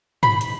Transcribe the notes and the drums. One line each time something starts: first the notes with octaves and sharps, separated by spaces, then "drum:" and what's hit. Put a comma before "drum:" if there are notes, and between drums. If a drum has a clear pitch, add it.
B5, drum: tom
drum: hi-hat